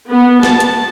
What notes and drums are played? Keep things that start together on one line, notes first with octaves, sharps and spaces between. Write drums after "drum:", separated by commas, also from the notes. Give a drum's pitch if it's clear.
B3
A5, drum: snare
drum: hi-hat